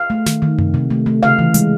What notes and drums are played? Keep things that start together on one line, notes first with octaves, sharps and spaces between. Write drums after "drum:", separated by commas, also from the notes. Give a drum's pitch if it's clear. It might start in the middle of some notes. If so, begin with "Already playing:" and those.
Already playing: F5
A3
D#3, drum: snare
D#3
C3, drum: tom F#2
C3
A3
A3
C#3 F5
E3
G#3, drum: hi-hat